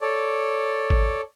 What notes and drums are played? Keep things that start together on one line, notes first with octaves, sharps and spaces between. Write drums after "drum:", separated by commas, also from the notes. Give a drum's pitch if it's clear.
A4 C#5 D5
drum: kick